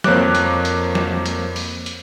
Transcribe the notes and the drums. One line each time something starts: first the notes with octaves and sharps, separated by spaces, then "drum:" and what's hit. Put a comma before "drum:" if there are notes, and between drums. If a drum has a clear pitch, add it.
F2 A#3 C5 C#5 D6 F#6, drum: snare
drum: hi-hat
drum: hi-hat
drum: snare
drum: hi-hat
drum: open hi-hat
drum: hi-hat